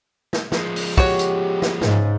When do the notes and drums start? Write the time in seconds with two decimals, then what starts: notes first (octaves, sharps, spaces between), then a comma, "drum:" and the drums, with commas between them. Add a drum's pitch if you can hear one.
0.33 drum: snare
0.52 F3 G#3, drum: snare
0.76 drum: open hi-hat
0.98 F#4 G4 C#5, drum: kick
1.19 drum: hi-hat
1.62 drum: snare
1.81 G#2 C#3, drum: snare